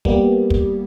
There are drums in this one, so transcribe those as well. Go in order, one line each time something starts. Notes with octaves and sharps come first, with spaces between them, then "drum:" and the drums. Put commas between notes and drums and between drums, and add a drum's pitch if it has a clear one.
G3 A#3 B3 G4, drum: kick
drum: kick